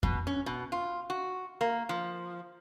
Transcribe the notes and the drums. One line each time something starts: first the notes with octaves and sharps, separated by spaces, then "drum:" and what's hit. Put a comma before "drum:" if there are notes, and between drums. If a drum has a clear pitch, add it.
B2, drum: kick F2
C#4
B2
F4
F#4
A#3
F3